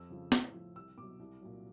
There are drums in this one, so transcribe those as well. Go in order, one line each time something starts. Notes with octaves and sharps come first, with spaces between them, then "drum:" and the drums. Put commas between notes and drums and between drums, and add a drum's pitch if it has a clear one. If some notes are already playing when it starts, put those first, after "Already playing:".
Already playing: F2 E6
C#3 F3
A2, drum: snare
F3
C2 E6
B2 F#3 D6
C2
A#2 F#3